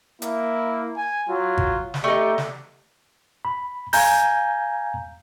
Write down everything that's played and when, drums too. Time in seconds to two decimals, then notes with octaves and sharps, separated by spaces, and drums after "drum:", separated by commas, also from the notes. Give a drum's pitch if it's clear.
0.22 A#3 E4, drum: hi-hat
0.97 G#5
1.29 F#3 F4
1.58 drum: kick G#1
1.94 drum: snare
2.04 A3 D#4 G4 D5
2.38 drum: snare
3.45 B5
3.93 F5 G#5 A#5 G6, drum: open hi-hat